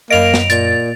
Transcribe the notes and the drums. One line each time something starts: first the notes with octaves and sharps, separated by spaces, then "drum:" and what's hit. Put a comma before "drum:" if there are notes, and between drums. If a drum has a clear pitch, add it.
F#2 A#3 D#5 F5 B5 A#6 D7 F7
drum: snare
A#2 A6, drum: hi-hat